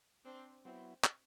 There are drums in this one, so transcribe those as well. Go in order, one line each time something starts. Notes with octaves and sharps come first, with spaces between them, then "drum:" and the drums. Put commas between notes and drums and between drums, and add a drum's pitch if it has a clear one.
C4 D4
F#3 B3 C4 E4
drum: clap